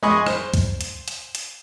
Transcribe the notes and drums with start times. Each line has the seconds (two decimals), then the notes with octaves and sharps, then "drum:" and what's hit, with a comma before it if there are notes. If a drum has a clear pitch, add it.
0.03 G#3 G#4 D#5 B5 C#6
0.27 C5, drum: rim click
0.54 drum: kick C#2, hi-hat
0.81 drum: hi-hat
1.08 drum: hi-hat
1.35 drum: hi-hat